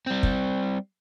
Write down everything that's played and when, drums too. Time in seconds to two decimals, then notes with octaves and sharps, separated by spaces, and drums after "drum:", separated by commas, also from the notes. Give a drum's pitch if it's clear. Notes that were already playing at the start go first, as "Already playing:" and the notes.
0.07 G3 C4
0.23 drum: kick